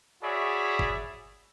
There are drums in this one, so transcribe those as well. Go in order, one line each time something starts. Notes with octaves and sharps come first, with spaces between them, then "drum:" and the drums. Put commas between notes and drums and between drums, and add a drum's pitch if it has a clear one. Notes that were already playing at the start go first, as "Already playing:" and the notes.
F#4 G#4 C#5 D5 E5 B5
drum: kick